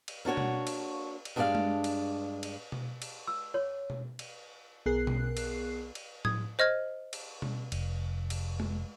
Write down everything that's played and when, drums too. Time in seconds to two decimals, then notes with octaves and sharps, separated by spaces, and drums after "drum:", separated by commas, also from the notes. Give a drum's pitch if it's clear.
0.08 drum: cymbal
0.25 A#3 D4 F#4 C#5
0.37 drum: tom B2
0.67 drum: cymbal
1.25 drum: cymbal
1.36 G2 G#3 D4 D#4 D5 F5
1.55 drum: tom G#3
1.84 drum: cymbal
2.43 drum: cymbal
2.72 drum: tom B2
3.02 drum: cymbal
3.27 E6
3.54 C#5
3.90 drum: tom B2
4.19 drum: cymbal
4.86 B1 B3 G#4 A#4 F#6 C7
5.07 drum: tom B2
5.37 drum: cymbal
5.95 drum: cymbal
6.25 D#6 G#6, drum: tom A2
6.59 C5 D#5 F6 G#6
7.13 drum: cymbal
7.42 drum: tom B2
7.72 F1, drum: cymbal
8.30 drum: cymbal
8.60 drum: tom G#3